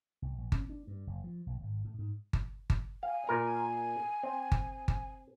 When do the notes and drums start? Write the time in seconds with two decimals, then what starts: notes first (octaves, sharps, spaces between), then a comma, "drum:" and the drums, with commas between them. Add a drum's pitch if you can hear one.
0.22 C2
0.38 A#1
0.52 C#4, drum: kick G1
0.70 D4
0.87 G2
1.07 F#1
1.24 F3
1.46 B1
1.61 G#1
1.85 A2
1.99 G#2
2.33 drum: kick G1
2.70 drum: kick G1
3.03 F5 G#5
3.27 A#2 A#4 A#5
4.23 C4
4.52 drum: kick G1
4.88 drum: kick G1